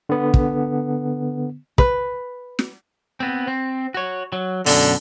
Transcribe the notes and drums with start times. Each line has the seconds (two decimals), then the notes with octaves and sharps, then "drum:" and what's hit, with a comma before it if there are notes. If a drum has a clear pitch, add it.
0.09 D3 B3
0.34 drum: kick
1.78 B4, drum: kick
2.59 drum: snare
3.20 B3 C4
3.47 C4
3.94 F#4 C#5
4.32 F#3
4.66 F#2 B2 D3, drum: open hi-hat